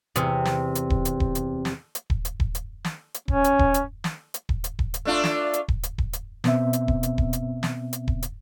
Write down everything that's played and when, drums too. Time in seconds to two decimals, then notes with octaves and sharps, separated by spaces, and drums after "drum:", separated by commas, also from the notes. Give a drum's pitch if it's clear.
0.16 E2 C3, drum: hi-hat
0.45 drum: snare
0.75 drum: hi-hat
0.90 drum: kick D#1
1.05 drum: hi-hat
1.20 drum: kick D#1
1.35 drum: hi-hat
1.65 drum: snare
1.95 drum: hi-hat
2.10 drum: kick D#1
2.25 drum: hi-hat
2.40 drum: kick D#1
2.55 drum: hi-hat
2.85 drum: snare
3.14 drum: hi-hat
3.28 C#4, drum: kick D#1
3.44 drum: hi-hat
3.59 drum: kick D#1
3.74 drum: hi-hat
4.04 drum: snare
4.34 drum: hi-hat
4.49 drum: kick D#1
4.64 drum: hi-hat
4.79 drum: kick D#1
4.94 drum: hi-hat
5.05 A3 D4 F4
5.24 drum: snare
5.54 drum: hi-hat
5.68 drum: kick D#1
5.83 drum: hi-hat
5.98 drum: kick D#1
6.13 drum: hi-hat
6.44 B2 B3 C4 E5, drum: snare
6.73 drum: hi-hat
6.88 drum: kick D#1
7.03 drum: hi-hat
7.18 drum: kick D#1
7.33 drum: hi-hat
7.63 drum: snare
7.93 drum: hi-hat
8.08 drum: kick D#1
8.23 drum: hi-hat